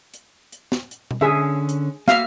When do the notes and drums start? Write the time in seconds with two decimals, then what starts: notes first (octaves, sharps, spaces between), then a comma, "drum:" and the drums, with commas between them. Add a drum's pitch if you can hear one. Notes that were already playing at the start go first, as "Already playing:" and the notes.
0.14 drum: hi-hat
0.52 drum: hi-hat
0.72 drum: snare
0.91 drum: hi-hat
1.11 drum: tom B2
1.21 D3 C#4 G#4 E5
1.69 drum: hi-hat
2.08 A#3 F#4 E5 F5, drum: snare